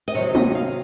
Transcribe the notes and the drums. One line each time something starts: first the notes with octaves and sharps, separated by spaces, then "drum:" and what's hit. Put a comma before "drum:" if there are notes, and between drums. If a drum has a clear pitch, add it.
D#5
C3 D#3 F#3 C#5
D#5, drum: tom G#3
F5